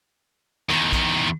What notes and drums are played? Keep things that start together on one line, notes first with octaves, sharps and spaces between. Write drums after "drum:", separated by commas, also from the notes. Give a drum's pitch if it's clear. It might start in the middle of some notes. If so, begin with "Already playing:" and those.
E2 D#3, drum: rim click
drum: kick A#1, hi-hat